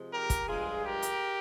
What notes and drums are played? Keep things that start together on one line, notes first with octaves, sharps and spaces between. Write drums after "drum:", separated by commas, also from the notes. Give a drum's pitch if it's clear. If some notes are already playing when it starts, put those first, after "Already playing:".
Already playing: C3 F3 G#3
G4 A#4
drum: kick, hi-hat
G2 F3 G#3 F4 G#4
G4 A#4
drum: hi-hat